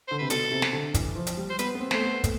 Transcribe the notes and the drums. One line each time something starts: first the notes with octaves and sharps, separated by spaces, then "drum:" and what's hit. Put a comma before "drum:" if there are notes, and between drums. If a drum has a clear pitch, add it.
D3 C5
C3 B4
B2 A4, drum: hi-hat
C3
drum: snare
D3
E3, drum: kick, hi-hat
F3
drum: hi-hat
G3
C5
B3 B4, drum: hi-hat
B3
C4
A3 C5, drum: snare
B3
A3, drum: kick, hi-hat